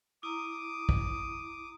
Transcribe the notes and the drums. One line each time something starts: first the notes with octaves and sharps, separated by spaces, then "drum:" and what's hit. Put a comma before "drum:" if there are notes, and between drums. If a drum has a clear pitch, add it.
E4 A#5 D6 D#6
drum: kick